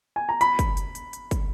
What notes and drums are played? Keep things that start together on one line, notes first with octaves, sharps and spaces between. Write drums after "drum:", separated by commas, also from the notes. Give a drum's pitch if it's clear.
G#5
A#5
B5, drum: hi-hat
drum: kick, hi-hat
drum: hi-hat
drum: hi-hat
drum: hi-hat
drum: kick, hi-hat